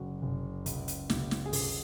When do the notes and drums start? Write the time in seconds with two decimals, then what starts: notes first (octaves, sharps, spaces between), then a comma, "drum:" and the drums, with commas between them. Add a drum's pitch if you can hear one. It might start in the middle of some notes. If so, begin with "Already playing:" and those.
Already playing: F#1 F#2 F#4
0.22 F#1
0.66 C#2, drum: hi-hat
0.88 drum: hi-hat
1.10 C#2, drum: snare
1.31 drum: snare
1.46 G#4
1.53 C#2 A4, drum: open hi-hat